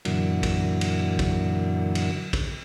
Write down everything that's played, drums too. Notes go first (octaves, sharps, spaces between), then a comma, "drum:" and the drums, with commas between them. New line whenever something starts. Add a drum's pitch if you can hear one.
F#2 A#2 D3 E3 F#3, drum: cymbal
drum: kick, cymbal
drum: cymbal
drum: kick, cymbal
drum: cymbal
drum: kick, cymbal